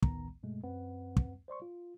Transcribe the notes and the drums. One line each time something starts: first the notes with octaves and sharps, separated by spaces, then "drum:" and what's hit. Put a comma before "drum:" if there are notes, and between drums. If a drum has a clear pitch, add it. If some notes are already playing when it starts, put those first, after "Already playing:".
A1 D2 A2 D#3 B3 A#5, drum: kick
G2 B2 G#3 A3
F#2 C4 B4 F#5
drum: kick
C5 D5 C6 C#6
F4